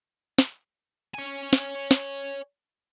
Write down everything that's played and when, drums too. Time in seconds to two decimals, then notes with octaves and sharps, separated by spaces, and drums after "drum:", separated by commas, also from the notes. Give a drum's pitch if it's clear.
0.38 drum: snare
1.15 C#5 G#5
1.53 drum: snare
1.91 drum: snare